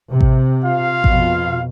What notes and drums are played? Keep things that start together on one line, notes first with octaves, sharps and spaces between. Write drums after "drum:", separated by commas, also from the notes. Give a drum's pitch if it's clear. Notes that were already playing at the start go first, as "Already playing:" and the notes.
C3
drum: kick A1
F4 F5
F2 B2, drum: kick A1